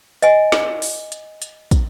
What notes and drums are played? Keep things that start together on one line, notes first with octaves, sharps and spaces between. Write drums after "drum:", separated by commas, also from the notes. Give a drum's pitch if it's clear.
D#5 G#5, drum: hi-hat
drum: snare
drum: open hi-hat
drum: hi-hat
drum: hi-hat
drum: kick, hi-hat